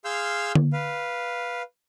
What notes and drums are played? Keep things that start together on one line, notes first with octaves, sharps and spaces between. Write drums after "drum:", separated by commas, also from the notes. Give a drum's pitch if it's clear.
G#4 F5 C6 E6 F6 G6
drum: tom D3
B4 F5